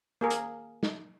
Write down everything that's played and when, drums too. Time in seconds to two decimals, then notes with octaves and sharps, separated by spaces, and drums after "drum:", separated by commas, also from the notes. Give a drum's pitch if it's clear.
0.21 A#3 G#4 A#4
0.30 drum: hi-hat
0.83 drum: snare